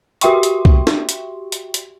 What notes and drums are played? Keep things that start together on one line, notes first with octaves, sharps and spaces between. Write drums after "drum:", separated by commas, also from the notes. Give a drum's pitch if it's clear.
F#4 G4 E5 G5 C6 C#6, drum: hi-hat
drum: hi-hat
drum: kick C2
drum: snare
drum: hi-hat
drum: hi-hat
drum: hi-hat